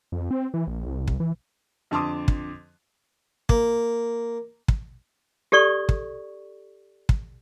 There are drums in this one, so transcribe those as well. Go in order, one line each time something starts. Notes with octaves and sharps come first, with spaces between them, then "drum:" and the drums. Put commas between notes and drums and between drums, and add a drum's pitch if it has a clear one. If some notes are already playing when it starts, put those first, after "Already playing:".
F2
C4
E3
A#1
C2
drum: kick
E3
F2 D3 A5 C6 D6 D#6
drum: kick
A#3, drum: kick
drum: kick
G4 A4 D5 C#6
drum: kick
drum: kick